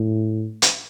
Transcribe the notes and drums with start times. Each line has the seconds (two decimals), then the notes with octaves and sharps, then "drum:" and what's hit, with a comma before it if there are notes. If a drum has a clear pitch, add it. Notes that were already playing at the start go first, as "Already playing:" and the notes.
Already playing: A2
0.62 drum: hi-hat